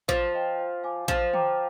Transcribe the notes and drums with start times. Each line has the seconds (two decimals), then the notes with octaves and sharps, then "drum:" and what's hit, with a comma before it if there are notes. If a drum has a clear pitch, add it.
0.08 F3 F4, drum: kick A1
0.33 C5 D#5 G5
0.59 C5
0.84 F5 G#5 D6
1.08 F3 C5, drum: kick A1
1.34 G5 A#5 D6, drum: tom